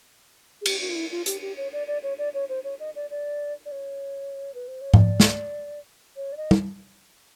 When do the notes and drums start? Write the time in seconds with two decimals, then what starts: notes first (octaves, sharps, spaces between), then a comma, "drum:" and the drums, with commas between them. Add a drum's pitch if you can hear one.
0.61 G#4
0.66 G4, drum: cymbal
0.81 F#4
0.89 F4
0.95 E4
1.11 F4
1.26 G4, drum: hi-hat
1.42 G4
1.57 C#5
1.73 D5
1.87 D5
2.03 C#5
2.18 D5
2.34 C#5
2.49 C5
2.64 C#5
2.79 D#5
2.95 D5
3.10 D5
3.65 D5
3.72 C#5
4.54 B4
4.68 C5
4.81 C#5
4.94 D5, drum: tom G#2
5.20 drum: snare
6.16 C#5
6.32 D5
6.37 D#5
6.51 drum: tom